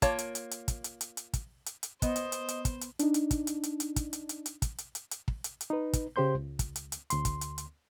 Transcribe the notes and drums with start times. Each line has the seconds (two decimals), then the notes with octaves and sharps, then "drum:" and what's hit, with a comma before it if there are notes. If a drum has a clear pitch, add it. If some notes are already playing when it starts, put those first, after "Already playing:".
0.02 A#3 F4 C#5 A5, drum: kick, hi-hat
0.19 drum: hi-hat
0.35 drum: hi-hat
0.51 drum: hi-hat
0.68 drum: kick, hi-hat
0.84 drum: hi-hat
1.01 drum: hi-hat
1.17 drum: hi-hat
1.33 drum: kick, hi-hat
1.66 drum: hi-hat
1.83 drum: hi-hat
2.02 B3 C5 D#5, drum: kick, hi-hat
2.16 drum: hi-hat
2.32 drum: hi-hat
2.48 drum: hi-hat
2.65 drum: kick, hi-hat
2.81 drum: hi-hat
2.99 D4 D#4, drum: hi-hat
3.14 drum: hi-hat
3.31 drum: kick, hi-hat
3.47 drum: hi-hat
3.63 drum: hi-hat
3.80 drum: hi-hat
3.96 drum: kick, hi-hat
4.13 drum: hi-hat
4.29 drum: hi-hat
4.46 drum: hi-hat
4.62 drum: kick, hi-hat
4.78 drum: hi-hat
4.95 drum: hi-hat
5.11 drum: hi-hat
5.28 drum: kick
5.44 drum: hi-hat
5.61 drum: hi-hat
5.70 D#4 B4
5.93 drum: kick, hi-hat
6.16 C#3 G4 C5 C6 G6
6.35 C#2
6.59 drum: kick, hi-hat
6.76 drum: hi-hat
6.92 drum: hi-hat
7.10 D2 C6, drum: hi-hat
7.25 drum: kick, hi-hat
7.41 drum: hi-hat
7.58 drum: hi-hat